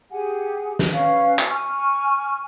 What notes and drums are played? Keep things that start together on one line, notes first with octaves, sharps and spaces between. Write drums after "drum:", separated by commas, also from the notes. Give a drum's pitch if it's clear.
G4 G#4 F#5 G#5
drum: snare
C#4 B4 F5
drum: clap
G#5 C#6 F6